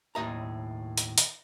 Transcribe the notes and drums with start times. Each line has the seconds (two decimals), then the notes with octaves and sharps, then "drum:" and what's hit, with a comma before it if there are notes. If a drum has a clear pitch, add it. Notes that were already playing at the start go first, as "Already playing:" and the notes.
0.15 D#2 A2 D#5 A#5
0.98 drum: hi-hat
1.18 drum: hi-hat